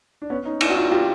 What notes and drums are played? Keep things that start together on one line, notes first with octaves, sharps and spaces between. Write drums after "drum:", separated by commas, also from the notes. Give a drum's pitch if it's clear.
D4
B3 C#4
C#4 D#4
D4 E4, drum: cymbal
F#4
D#4 F4
F4 G4